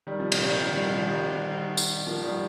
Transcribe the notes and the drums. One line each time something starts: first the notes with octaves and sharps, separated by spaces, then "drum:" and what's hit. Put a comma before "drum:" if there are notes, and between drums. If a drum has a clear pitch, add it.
D#3 G3
C3 F3
A#2 D#3, drum: cymbal
D#3 G3
D#3 G3
D#3 G3
C3 F3
D#3 G3
drum: tambourine
F3 A#3
D#3 G3